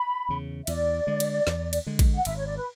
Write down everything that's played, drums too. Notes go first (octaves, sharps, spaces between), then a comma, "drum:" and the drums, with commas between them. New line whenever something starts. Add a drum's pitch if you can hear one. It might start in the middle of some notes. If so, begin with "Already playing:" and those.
Already playing: B5
E2 C#3
E5
E2 D5, drum: cymbal
D3 G#3
drum: cymbal
E2, drum: snare
drum: cymbal
D3 G#3
drum: kick A1, cymbal
F#5
G#1 E5, drum: cymbal
C#5
D5
B4